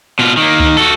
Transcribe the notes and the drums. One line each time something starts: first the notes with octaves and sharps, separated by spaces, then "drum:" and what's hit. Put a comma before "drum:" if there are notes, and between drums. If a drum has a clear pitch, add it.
B2 F4
D#3 A#3
drum: kick C#2
F#4 A4